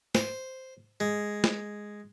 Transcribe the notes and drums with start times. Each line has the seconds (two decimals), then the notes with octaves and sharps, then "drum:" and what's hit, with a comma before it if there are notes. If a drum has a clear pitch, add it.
0.15 C5, drum: snare
1.00 G#3
1.44 drum: snare